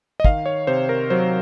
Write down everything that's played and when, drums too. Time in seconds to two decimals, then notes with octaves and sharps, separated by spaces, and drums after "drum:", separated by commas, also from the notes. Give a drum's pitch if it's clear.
0.20 D#5
0.25 D#3 F5, drum: kick
0.46 C#5
0.67 C3 C5
0.89 A#4
1.10 F#3 C5